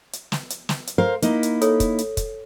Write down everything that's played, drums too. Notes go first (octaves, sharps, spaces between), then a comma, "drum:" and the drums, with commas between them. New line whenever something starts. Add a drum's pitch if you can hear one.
drum: hi-hat
drum: snare
drum: hi-hat
drum: snare
drum: hi-hat
A#4 C5 F5
A#3 D#4 E4, drum: hi-hat
drum: hi-hat
A4 C#5, drum: hi-hat
drum: kick, hi-hat
drum: hi-hat
drum: kick, hi-hat